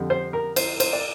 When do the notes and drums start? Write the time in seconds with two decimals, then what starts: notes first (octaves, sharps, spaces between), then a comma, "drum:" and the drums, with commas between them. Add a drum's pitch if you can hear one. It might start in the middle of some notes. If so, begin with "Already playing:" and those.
Already playing: F2 D3 G3
0.10 C5
0.33 A#4
0.56 C5, drum: cymbal
0.80 C5, drum: cymbal
0.93 D5